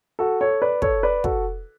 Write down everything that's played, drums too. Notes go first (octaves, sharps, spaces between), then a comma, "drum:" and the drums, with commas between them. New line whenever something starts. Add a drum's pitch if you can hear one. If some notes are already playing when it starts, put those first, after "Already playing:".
F#4 A4
A4 C#5
B4 D5
A4 C#5, drum: kick
B4 D5
F#4 A4, drum: kick